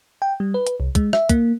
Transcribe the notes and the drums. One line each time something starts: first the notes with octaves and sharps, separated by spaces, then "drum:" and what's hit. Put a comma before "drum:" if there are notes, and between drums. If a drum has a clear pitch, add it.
G5
G3
B4
drum: hi-hat
C2
G#3, drum: kick, hi-hat
E5, drum: rim click
A#3, drum: kick, hi-hat